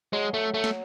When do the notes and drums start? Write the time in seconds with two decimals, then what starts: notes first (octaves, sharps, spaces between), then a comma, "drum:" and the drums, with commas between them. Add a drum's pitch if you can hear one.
0.12 F#3 G#3
0.33 F#3 A3
0.54 A3
0.64 drum: snare